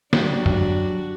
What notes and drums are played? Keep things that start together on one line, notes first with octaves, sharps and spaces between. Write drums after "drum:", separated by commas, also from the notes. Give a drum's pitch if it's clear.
F#3 D4 F#4 G4, drum: snare
drum: tom F#2